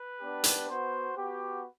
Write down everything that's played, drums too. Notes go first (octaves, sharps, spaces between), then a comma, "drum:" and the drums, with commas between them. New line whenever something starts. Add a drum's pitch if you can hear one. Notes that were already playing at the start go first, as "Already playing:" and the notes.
Already playing: B4
B3 D4 G4
drum: hi-hat
B3 F#4 C5
B3 F#4 G4